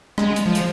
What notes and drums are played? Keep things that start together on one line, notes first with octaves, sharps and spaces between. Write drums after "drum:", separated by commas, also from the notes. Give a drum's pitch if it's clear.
G#3, drum: rim click
drum: hi-hat
F3
drum: hi-hat